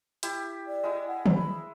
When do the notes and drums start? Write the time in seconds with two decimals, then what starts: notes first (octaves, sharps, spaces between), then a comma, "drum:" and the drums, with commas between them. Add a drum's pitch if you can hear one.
0.23 E4 G4, drum: hi-hat
0.67 D5
0.84 G#3 E4
1.07 F#5
1.26 drum: tom
1.35 B5